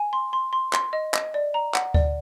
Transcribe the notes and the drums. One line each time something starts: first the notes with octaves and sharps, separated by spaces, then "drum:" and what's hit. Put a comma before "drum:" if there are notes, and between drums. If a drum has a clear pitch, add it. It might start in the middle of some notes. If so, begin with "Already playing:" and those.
Already playing: G#5
C6
C6
C6
C6, drum: clap
D#5
D#5, drum: clap
D5
A#5
F#5, drum: clap
D5, drum: kick D2